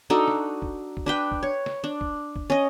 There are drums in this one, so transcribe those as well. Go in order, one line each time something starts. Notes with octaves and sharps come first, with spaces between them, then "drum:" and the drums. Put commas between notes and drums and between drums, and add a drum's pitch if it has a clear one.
D4 D#4 F#4 A4
drum: snare
drum: kick F1
drum: kick F1
D4 B4 G5
drum: kick F1
C#5
drum: snare
D4
drum: kick F1
drum: kick F1
C#4 D#5